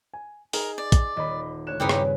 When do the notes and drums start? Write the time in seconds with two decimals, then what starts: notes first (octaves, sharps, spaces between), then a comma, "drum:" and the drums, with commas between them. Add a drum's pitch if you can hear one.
0.14 G#5
0.53 D#4 G#4 A#4, drum: open hi-hat
0.78 D5
0.92 drum: kick, hi-hat
1.17 D#1 D#5 B5
1.67 D2 C#5 F#6 E7
1.80 G2 C#3 C4 D#4 E4 G4 G#4 B4
1.89 drum: rim click